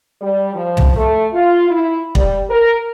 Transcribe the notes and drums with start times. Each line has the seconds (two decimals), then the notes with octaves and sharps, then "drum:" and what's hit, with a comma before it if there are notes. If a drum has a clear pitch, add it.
0.22 G3
0.55 F3
0.77 drum: tom
0.96 A3
1.33 F4
1.70 E4
2.15 G3, drum: kick
2.50 A#4